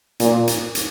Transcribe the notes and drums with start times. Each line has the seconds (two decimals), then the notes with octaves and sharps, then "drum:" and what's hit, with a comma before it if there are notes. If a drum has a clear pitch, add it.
0.20 A#2, drum: hi-hat
0.47 drum: hi-hat
0.75 drum: hi-hat